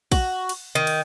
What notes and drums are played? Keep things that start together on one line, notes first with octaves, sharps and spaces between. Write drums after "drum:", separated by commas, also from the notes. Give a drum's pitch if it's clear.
F#4, drum: kick, cymbal
drum: cymbal
D#3
drum: cymbal